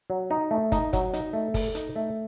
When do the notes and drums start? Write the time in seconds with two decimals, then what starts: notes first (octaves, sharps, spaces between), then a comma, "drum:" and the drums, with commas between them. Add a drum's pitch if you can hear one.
0.10 F#3
0.31 D#4
0.51 A3
0.72 D#4, drum: kick, hi-hat
0.93 F#3, drum: kick, hi-hat
1.14 D#4, drum: hi-hat
1.33 A3
1.54 A4, drum: kick, open hi-hat
1.75 D#4, drum: hi-hat
1.96 A3